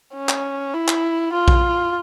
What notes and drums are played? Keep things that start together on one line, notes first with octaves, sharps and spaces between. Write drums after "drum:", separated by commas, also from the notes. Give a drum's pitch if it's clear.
C#4
drum: clap
E4
drum: clap
F4
drum: kick A#1